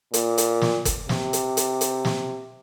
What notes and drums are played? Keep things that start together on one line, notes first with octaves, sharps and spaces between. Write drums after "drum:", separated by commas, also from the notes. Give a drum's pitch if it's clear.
A#2, drum: hi-hat
drum: hi-hat
drum: snare
drum: kick, hi-hat
C3, drum: snare
drum: hi-hat
drum: hi-hat
drum: hi-hat
drum: snare